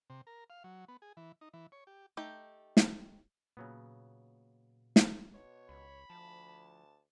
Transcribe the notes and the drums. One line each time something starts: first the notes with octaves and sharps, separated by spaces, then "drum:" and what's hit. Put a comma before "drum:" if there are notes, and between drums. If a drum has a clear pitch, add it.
C3
A#4
F5
F#3
B3
G#4
E3
D#4
E3
C#5
G4
A3 D#4 G4 G5
drum: snare
A#2 C#3 F#3 B3
drum: snare
B2 C#5
C#2 B5
D2 F3 A5
A5